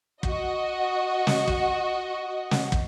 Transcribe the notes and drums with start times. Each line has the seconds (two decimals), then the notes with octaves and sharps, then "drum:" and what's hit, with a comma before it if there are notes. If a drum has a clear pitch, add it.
0.23 F#4 D#5, drum: kick
1.27 drum: snare
1.48 drum: kick
2.51 drum: snare
2.72 drum: kick